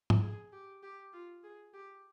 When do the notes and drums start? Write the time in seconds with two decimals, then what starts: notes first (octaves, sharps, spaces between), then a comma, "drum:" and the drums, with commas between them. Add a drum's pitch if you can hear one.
0.10 drum: tom G#2
0.22 G#4
0.52 G4
0.83 G4
1.13 F4
1.43 G#4
1.73 G4